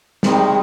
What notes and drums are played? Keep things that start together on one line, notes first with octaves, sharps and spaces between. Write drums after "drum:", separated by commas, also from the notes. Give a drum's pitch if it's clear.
C3 D#3 G3 G#3, drum: snare